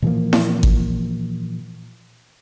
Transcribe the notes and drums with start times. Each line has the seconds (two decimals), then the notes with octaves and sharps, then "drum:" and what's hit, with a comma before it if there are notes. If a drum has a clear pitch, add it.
0.02 A#2 E3 F3 A#3
0.33 drum: snare E4
0.63 drum: kick